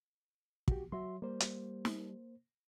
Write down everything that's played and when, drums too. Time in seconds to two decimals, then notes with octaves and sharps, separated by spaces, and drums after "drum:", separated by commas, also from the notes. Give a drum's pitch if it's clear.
0.68 F#4 G4, drum: kick
0.92 F#3 F#4 E5 C6
1.22 G3 A#3 C5
1.40 drum: hi-hat
1.85 drum: snare